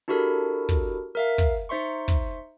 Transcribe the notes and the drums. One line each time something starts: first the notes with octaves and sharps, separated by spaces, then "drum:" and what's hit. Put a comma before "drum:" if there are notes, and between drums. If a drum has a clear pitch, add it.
D4 E4 F#4 G4 A4 A#4
drum: kick
A#4 E5 F5
drum: kick
D#4 C5 E5 C6 C#6
drum: kick